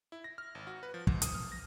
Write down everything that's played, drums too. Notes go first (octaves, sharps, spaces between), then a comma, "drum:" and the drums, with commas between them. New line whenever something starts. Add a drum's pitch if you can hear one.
E4
A#6
F6
G#1
F#4
B4
F3
G#2, drum: kick
D#6, drum: hi-hat
F6
A#6